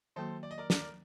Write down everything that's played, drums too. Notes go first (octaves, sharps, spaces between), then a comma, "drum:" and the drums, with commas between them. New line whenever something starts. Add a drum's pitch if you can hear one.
D#3 F#3 A#3 F#4 A4 C5
D5
D#5
A#4 D5
A#4 D5, drum: snare